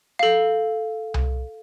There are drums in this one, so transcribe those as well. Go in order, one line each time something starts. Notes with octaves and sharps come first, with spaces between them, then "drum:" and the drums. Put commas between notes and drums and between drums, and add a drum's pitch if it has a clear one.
A4 F5
drum: tom C2